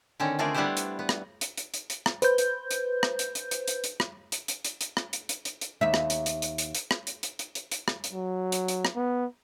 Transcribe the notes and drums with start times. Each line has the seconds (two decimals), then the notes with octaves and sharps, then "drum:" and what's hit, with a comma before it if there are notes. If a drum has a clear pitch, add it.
0.20 D3 D#3 C4 C#4
0.39 D3 A3 F4 G#4 A#4 D5
0.54 G3 B3 D4 E4 G4 C5
0.77 drum: hi-hat
0.99 B3
1.09 drum: rim click
1.41 drum: hi-hat
1.57 drum: hi-hat
1.74 drum: hi-hat
1.90 drum: hi-hat
2.06 drum: rim click
2.22 B4 C5 G6, drum: hi-hat
2.38 drum: hi-hat
2.71 drum: hi-hat
3.03 drum: rim click
3.19 drum: hi-hat
3.35 drum: hi-hat
3.51 drum: hi-hat
3.68 drum: hi-hat
3.84 drum: hi-hat
4.00 drum: rim click
4.32 drum: hi-hat
4.48 drum: hi-hat
4.64 drum: hi-hat
4.81 drum: hi-hat
4.97 drum: rim click
5.13 drum: hi-hat
5.29 drum: hi-hat
5.45 drum: hi-hat
5.61 drum: hi-hat
5.81 D#2 E5
5.94 drum: rim click
6.10 drum: hi-hat
6.26 drum: hi-hat
6.42 drum: hi-hat
6.58 drum: hi-hat
6.75 drum: hi-hat
6.91 drum: rim click
7.07 drum: hi-hat
7.23 drum: hi-hat
7.39 drum: hi-hat
7.55 drum: hi-hat
7.71 drum: hi-hat
7.88 drum: rim click
8.04 drum: hi-hat
8.13 F#3
8.52 drum: hi-hat
8.68 drum: hi-hat
8.85 drum: rim click
8.96 B3